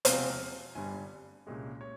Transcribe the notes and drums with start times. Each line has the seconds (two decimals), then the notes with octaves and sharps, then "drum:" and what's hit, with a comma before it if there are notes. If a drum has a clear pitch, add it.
0.05 E1 E2 C3 F3 C4 F5, drum: hi-hat
0.75 G1 G2 G3 G#5
1.46 C2 A#2 G#3 C#4
1.81 C#5